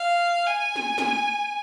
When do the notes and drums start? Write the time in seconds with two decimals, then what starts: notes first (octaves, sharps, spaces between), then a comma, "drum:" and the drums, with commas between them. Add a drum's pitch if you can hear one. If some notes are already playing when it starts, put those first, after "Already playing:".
Already playing: F5
0.46 G#5
0.76 drum: snare
0.98 drum: snare